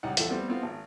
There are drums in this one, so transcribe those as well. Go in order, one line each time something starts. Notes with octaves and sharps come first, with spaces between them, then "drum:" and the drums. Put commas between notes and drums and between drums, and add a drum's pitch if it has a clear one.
C#2 G3 D#4 F#5
E2 F3 A4 F#5, drum: hi-hat
G3 A3 B3 C4
B3 C4 F4
G#1